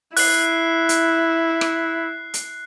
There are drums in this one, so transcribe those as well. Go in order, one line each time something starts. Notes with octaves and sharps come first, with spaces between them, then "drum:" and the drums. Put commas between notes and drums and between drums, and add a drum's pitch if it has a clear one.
E4 F#6 C7, drum: open hi-hat
drum: hi-hat
drum: rim click
drum: hi-hat